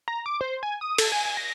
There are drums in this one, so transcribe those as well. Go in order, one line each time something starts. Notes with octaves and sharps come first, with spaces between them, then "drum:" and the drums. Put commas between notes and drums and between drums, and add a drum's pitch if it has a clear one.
A#5
D6
C5
G#5
D#6
A4, drum: cymbal
G#5
G#5
A#6